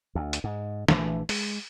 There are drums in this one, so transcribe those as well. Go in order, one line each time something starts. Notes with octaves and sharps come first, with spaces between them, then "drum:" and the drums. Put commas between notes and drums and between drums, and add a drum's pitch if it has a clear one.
D2
drum: hi-hat
G#2
A#1 E3 A3 D4, drum: snare
G#3, drum: open hi-hat